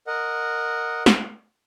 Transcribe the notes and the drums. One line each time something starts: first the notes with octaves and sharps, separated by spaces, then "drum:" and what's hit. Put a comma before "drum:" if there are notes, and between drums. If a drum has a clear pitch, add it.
A#4 D#5 F#5
drum: snare